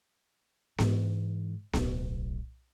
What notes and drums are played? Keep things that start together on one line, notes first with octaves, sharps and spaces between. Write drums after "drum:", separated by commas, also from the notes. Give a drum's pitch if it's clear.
G#2 E3, drum: snare B3
D1 B1, drum: snare B3